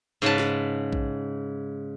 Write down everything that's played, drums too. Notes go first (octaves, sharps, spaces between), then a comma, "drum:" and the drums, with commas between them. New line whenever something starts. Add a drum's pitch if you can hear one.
G#2 C#3 B4 A5
drum: snare
drum: kick A#1